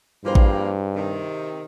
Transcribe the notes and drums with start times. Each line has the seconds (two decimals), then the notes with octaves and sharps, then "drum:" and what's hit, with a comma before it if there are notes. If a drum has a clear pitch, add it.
0.25 G2 F3 G3 A#3 E4 G#4 C5
0.35 drum: kick A1
0.96 C3 D#3